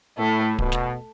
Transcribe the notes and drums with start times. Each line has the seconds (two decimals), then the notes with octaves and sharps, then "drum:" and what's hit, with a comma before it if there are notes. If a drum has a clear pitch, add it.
0.18 A2 A3
0.59 B2, drum: kick D1
0.72 drum: snare